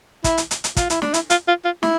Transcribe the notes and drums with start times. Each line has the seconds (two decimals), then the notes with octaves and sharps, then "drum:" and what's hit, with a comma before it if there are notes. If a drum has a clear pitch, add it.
0.24 E4, drum: kick, hi-hat
0.38 drum: hi-hat
0.51 drum: hi-hat
0.64 drum: hi-hat
0.76 F4, drum: kick, hi-hat
0.90 E4, drum: hi-hat
1.02 D4, drum: snare
1.14 E4, drum: hi-hat
1.30 F4, drum: hi-hat
1.48 F4
1.65 F4
1.83 E4, drum: snare